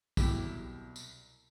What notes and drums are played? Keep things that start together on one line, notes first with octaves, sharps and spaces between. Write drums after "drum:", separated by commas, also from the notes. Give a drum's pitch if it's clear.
C2 B2 F#3 E4 G4, drum: kick, tambourine
drum: tambourine